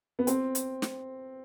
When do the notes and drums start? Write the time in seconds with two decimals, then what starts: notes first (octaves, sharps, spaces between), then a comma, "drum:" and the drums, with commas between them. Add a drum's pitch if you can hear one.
0.19 B3
0.27 C4, drum: hi-hat
0.55 drum: hi-hat
0.82 drum: snare